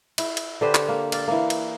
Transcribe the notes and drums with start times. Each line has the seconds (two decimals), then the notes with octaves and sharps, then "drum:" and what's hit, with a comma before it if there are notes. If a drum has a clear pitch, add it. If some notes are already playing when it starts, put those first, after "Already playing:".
0.18 E4, drum: cymbal
0.37 drum: cymbal
0.61 D3 G4 B4 C5
0.75 drum: clap
0.89 A#3
1.12 D5 F5, drum: cymbal
1.28 E3 A#3
1.50 drum: cymbal